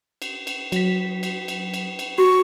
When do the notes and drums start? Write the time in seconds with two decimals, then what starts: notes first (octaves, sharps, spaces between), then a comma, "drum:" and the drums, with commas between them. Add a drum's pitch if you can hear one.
0.22 drum: cymbal
0.47 drum: cymbal
0.72 F#3 B6, drum: cymbal
1.23 drum: cymbal
1.48 drum: cymbal
1.74 drum: cymbal
1.99 drum: cymbal
2.18 F#4 C#6